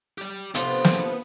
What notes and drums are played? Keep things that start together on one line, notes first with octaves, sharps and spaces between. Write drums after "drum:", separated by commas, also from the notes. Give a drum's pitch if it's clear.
G4 D5
A2 C3 F3 B3 D4 C6, drum: hi-hat
drum: snare